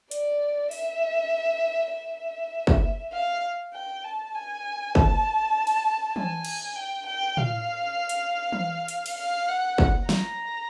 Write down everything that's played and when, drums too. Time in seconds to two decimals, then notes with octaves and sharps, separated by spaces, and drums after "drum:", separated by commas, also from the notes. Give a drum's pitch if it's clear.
0.11 D5, drum: hi-hat
0.71 E5, drum: open hi-hat
1.92 E5
2.67 drum: kick
3.13 F5
3.74 G5
4.04 A5
4.35 G#5
4.95 A5, drum: kick
5.67 drum: cymbal
6.16 G#5, drum: tom E3
6.45 drum: cymbal
6.76 G5
7.07 G5
7.37 F5, drum: tom A2
8.09 drum: hi-hat
8.53 drum: tom E3
8.88 drum: hi-hat
9.06 drum: cymbal
9.18 F5
9.49 F#5
9.78 drum: kick
10.09 A#5, drum: snare F#3